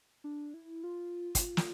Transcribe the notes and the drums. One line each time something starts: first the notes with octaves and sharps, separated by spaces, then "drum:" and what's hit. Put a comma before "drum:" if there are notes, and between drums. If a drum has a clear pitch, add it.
D4
E4
F4
drum: kick, hi-hat
drum: snare